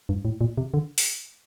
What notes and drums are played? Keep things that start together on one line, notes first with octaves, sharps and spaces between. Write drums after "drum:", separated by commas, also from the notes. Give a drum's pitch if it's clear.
G2
A2
A#2
C3
D3
drum: open hi-hat